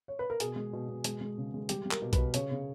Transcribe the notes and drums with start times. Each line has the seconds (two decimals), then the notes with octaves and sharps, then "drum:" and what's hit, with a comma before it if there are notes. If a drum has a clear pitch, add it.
0.08 C#5
0.19 B4
0.30 A#4
0.40 B2 G#4, drum: hi-hat
0.56 G#3
0.73 B2
0.89 B2
1.04 G#3, drum: hi-hat
1.21 G#3
1.38 C#3
1.54 G#3
1.69 G3 G4, drum: hi-hat
1.86 G3
1.91 A#4, drum: clap
2.02 B2
2.13 B4, drum: kick B1, hi-hat
2.18 B2
2.34 C#3 C#5, drum: hi-hat
2.51 C#3